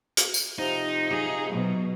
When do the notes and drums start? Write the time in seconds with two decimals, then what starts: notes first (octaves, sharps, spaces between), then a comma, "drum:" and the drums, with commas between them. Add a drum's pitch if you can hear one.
0.17 drum: hi-hat
0.34 drum: tambourine
0.59 C3 F3 D#4
1.10 G#4
1.50 B2 F#3